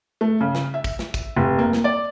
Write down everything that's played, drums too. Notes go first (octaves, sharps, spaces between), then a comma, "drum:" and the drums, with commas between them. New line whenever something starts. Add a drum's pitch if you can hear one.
A3
C#3
drum: snare
E5
drum: kick, tambourine
drum: snare
drum: kick, tambourine
F1
A#3
drum: snare
D5